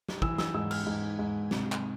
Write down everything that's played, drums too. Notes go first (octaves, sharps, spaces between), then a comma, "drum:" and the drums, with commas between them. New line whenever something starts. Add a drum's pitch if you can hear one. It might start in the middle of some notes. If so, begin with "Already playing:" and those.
drum: snare
E3 E6, drum: kick
E6, drum: snare
G#2 E6
F6, drum: cymbal
G#2
G#2
C3, drum: snare
drum: clap